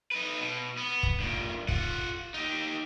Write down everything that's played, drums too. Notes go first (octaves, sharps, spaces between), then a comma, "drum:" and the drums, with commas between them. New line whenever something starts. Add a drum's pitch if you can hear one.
D#4 B4
B2
B3
drum: kick
G2 A#2
F4 F#5, drum: kick
D#4 G4